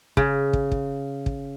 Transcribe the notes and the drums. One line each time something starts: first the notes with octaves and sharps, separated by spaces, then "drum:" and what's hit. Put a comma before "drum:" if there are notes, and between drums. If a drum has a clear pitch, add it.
C#3, drum: kick
drum: kick
drum: kick
drum: kick